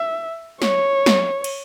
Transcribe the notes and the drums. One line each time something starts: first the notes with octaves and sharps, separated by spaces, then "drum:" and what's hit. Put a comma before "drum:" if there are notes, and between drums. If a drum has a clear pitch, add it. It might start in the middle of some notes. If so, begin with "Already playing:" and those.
Already playing: E5
C#5, drum: snare
drum: snare
drum: cymbal